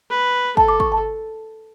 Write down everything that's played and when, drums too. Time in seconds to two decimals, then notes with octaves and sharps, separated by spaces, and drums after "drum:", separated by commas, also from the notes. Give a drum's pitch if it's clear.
0.10 B4
0.57 A4 A5, drum: kick
0.68 D6
0.80 C#6, drum: kick
0.92 A5